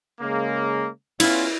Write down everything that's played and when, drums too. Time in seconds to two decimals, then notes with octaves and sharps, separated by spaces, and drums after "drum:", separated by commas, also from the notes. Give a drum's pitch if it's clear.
0.20 C#3 G#3 A#3
1.20 B3 C#4 E4 F4, drum: cymbal